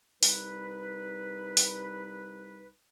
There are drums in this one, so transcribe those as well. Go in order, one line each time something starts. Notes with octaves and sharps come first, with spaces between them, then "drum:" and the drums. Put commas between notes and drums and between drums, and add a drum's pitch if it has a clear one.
C2 G3 D#4 B4, drum: open hi-hat
drum: open hi-hat